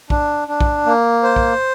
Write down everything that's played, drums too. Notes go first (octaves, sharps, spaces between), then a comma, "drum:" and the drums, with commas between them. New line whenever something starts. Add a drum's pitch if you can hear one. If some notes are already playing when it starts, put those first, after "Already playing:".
D4, drum: kick
D4
drum: kick
A#3
C5
drum: kick